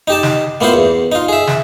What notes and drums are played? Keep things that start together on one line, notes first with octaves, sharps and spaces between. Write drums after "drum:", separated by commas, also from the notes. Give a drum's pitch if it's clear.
D#4 G4 A5
drum: snare
A#3 B3 E4 F4 C5
E2
D#4 F4
G#4 E5
drum: snare